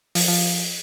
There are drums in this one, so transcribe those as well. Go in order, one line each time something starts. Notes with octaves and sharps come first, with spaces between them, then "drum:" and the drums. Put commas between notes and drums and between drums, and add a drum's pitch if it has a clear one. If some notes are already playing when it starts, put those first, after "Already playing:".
F3, drum: open hi-hat
F3